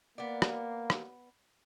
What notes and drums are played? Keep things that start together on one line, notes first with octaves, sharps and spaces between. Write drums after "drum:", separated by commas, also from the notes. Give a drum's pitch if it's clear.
A#3 B3 D5
drum: rim click
drum: rim click